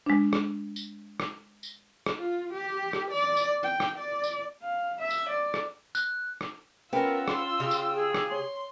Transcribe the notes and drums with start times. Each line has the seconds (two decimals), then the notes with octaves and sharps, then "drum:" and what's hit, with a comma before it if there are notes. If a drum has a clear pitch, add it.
0.06 G#3 D4
0.33 drum: rim click
0.76 drum: tambourine
1.20 drum: rim click
1.63 drum: tambourine
2.06 drum: rim click
2.18 F4
2.54 G4
2.93 drum: rim click
3.12 D5
3.37 drum: tambourine
3.63 G5
3.80 drum: rim click
3.99 D5
4.24 drum: tambourine
4.62 F5
4.99 E5
5.10 drum: tambourine
5.29 D5
5.54 drum: rim click
5.95 F#6, drum: tambourine
6.41 drum: rim click
6.93 B3 C#4 F4 A#4 G5 E6
7.28 C6, drum: rim click
7.60 C#3 G4
7.71 drum: tambourine
7.94 G#4
8.14 drum: rim click
8.31 C#5 C6